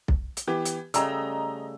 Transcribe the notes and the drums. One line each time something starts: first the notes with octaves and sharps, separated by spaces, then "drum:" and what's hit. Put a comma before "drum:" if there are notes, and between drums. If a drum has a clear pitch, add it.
drum: kick B1
drum: hi-hat
E3 B3 G4
drum: hi-hat
C#3 G3 A3 D#5 A#5 E6, drum: hi-hat